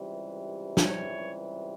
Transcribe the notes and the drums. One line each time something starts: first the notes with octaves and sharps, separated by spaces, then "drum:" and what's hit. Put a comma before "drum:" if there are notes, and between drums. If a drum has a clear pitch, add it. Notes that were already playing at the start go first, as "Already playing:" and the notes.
Already playing: C#2 C3 E3 G3
C#5, drum: snare